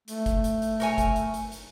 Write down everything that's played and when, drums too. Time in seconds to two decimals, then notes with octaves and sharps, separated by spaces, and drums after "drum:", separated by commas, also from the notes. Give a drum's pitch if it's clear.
0.08 A3, drum: hi-hat
0.26 drum: kick F#1, hi-hat
0.44 drum: hi-hat
0.62 drum: hi-hat
0.80 A#4 C#5 G#5, drum: hi-hat
0.98 drum: kick F#1, hi-hat
1.16 drum: hi-hat
1.34 drum: hi-hat
1.52 drum: hi-hat